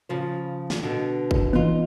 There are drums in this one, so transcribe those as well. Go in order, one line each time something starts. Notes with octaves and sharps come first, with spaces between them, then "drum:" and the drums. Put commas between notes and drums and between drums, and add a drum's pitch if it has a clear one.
C#3 F3 C5
drum: snare
B2 D3 B3
drum: kick
E3 B3 C#4 D#4 F4